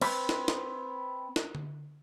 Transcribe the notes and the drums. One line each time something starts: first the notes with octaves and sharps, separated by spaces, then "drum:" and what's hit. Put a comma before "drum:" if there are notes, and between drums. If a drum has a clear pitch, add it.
C4 B4, drum: cymbal
drum: snare
drum: snare
drum: snare
drum: tom D3